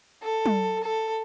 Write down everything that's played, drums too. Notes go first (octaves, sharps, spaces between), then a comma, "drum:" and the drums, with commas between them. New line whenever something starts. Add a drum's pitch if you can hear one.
A4
drum: tom
A4